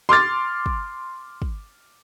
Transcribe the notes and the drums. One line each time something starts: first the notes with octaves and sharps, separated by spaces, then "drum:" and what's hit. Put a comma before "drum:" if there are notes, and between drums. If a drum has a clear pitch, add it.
C6 D6 F6 A6
drum: kick
drum: kick